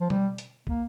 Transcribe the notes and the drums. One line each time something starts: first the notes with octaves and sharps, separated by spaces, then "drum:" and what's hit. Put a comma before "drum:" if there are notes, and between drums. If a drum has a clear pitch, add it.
F3
G3, drum: tom B2
drum: hi-hat
A#3, drum: kick